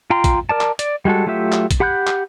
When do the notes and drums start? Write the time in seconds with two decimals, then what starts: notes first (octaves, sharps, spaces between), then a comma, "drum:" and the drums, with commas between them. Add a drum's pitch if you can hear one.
0.10 F4 G5 A#5 C6
0.24 drum: kick A#1, hi-hat
0.49 A#4 D5 A5
0.61 drum: clap
0.79 D5, drum: hi-hat
1.05 G3 G#3 F#4 A4
1.27 F#3 A3 F4 G4 E5
1.52 drum: clap
1.71 drum: kick A#1, hi-hat
1.80 G4 F#5 B5 F#6 G6
2.07 drum: clap